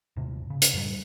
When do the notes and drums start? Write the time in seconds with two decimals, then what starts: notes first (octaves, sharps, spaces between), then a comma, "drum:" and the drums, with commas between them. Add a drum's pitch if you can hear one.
0.16 D#1 G#2 C3
0.50 C#3
0.62 drum: hi-hat
0.74 F#2 A2 F#3 G3